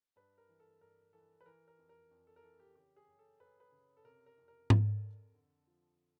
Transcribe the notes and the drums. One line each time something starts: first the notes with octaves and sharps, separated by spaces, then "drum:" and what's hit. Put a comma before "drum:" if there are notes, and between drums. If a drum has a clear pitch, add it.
G2 B4
A#4
E3
A4
G2 A#4
E3 A4
B4
E3 A#4
A#4
F2
A#4
F2
A4
A#4
E3 A4
G4
C#3 G4
G#4
F#2
A4
F#2 B4
B4
C#3
A4
C3 A#4
A#4
F2
A#4
F2 A4, drum: tom G#2
F2
D3
F3